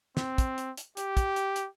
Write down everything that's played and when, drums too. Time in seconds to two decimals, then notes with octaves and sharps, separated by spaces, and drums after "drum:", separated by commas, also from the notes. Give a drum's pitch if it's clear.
0.17 C4, drum: snare
0.38 drum: kick, hi-hat
0.58 drum: hi-hat
0.77 drum: hi-hat
0.97 G4, drum: hi-hat
1.17 drum: kick, hi-hat
1.36 drum: hi-hat
1.56 drum: hi-hat